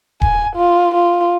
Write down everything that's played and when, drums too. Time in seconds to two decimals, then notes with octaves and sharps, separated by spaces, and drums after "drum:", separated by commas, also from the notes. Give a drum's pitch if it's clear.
0.22 G#5, drum: kick D#1
0.56 F4
0.94 F4